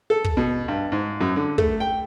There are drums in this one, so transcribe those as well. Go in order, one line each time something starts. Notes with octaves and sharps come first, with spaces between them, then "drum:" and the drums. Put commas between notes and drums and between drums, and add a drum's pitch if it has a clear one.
A4
drum: kick
B2
G2
G#2
F#2
D3
A3, drum: kick
G5